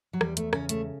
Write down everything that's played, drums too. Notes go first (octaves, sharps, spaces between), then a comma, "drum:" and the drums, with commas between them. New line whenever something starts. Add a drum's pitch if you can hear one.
F#3
E2 G3, drum: rim click
A3, drum: hi-hat
C#3 C#4, drum: rim click
A3, drum: hi-hat